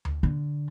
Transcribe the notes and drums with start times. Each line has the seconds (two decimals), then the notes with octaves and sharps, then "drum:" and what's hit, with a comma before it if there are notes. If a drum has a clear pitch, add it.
0.05 drum: tom D2
0.23 D3